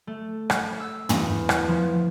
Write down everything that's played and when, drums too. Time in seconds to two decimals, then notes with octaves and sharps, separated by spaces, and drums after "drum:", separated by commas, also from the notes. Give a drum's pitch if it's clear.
0.07 A3
0.50 drum: rim click
0.80 E6
1.09 E2, drum: tom
1.49 drum: rim click
1.68 F3